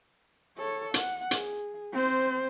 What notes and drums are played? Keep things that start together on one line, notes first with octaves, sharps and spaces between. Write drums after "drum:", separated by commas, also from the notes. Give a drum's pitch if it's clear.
A4 C#5
F#5, drum: hi-hat
G#4, drum: hi-hat
C4 C5